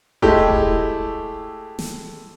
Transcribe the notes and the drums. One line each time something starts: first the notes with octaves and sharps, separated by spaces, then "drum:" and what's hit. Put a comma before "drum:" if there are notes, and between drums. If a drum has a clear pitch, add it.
G#3 A3 E4 G4, drum: kick D#1
drum: kick D#1
drum: snare